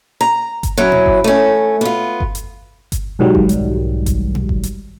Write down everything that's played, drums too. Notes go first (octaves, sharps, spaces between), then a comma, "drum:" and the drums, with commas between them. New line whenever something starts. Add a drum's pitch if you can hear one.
A#5
drum: kick G1, hi-hat
F#3 C#4 E4
drum: tom A#2
drum: kick G1
A3 C#4
B3 F4
drum: kick G1
drum: hi-hat
drum: kick G1, hi-hat
B1 G#2 D#3 F#3 G3
drum: kick G1
drum: hi-hat
drum: kick G1, hi-hat
drum: tom A#2
drum: kick G1
drum: hi-hat